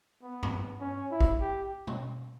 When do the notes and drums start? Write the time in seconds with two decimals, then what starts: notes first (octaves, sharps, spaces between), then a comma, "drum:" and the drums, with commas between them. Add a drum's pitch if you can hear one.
0.22 B3
0.43 drum: tom G2
0.81 C#4
1.11 E4
1.21 drum: kick
1.41 G4
1.87 drum: tom B2